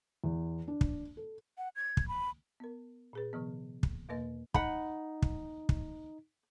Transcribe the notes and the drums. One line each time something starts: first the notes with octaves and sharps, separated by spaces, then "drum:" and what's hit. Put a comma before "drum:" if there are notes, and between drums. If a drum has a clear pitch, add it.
E2
D4
drum: kick
A4
F#5
G#6
drum: kick
B5
B3 A#4
A#2 G#4 B4
C3 D#3 F3 B3
drum: kick
E2 B2 A#3 B4 D#5
D#4 F#5 B5, drum: kick
drum: kick
drum: kick